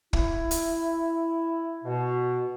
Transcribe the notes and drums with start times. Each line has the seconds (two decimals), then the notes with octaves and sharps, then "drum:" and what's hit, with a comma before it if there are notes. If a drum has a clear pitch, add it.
0.13 E4, drum: kick
0.51 drum: hi-hat
1.84 B2